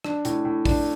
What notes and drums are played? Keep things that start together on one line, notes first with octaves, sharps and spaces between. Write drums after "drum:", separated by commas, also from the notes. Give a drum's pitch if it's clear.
D4, drum: rim click
A2, drum: hi-hat
A2
D4, drum: kick, open hi-hat